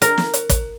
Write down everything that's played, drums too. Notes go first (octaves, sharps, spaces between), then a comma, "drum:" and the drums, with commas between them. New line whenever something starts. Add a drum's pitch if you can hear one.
A#4, drum: hi-hat
drum: snare
drum: hi-hat
drum: kick, hi-hat